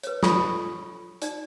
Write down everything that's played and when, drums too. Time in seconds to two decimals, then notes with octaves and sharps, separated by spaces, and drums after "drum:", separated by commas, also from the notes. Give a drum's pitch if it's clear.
0.03 B4 C#5, drum: hi-hat
0.23 F4 A4 G#5 B5 C#6 D#6, drum: snare
1.22 D#4 D5, drum: hi-hat